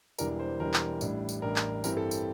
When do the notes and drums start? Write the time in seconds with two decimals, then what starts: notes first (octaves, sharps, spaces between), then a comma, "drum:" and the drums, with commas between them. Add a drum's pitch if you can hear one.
0.18 E1 E2 E3 G3 D4 A#4, drum: tambourine
0.39 C5
0.60 E1 E2 E3 G3 D4 A#4
0.74 drum: clap
1.01 A1 A2 G3 D4, drum: tambourine
1.29 drum: tambourine
1.42 A1 A2 G3 D4 A#4
1.56 drum: clap
1.84 G2 E3 G3 C4 E4 A#4, drum: tambourine
1.97 A4
2.11 drum: tambourine